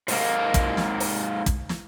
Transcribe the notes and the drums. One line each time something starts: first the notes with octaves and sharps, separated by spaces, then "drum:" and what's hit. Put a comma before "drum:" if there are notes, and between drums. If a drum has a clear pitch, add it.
G#2 A#3, drum: open hi-hat
drum: kick, hi-hat
drum: snare
drum: open hi-hat
drum: kick, hi-hat
drum: snare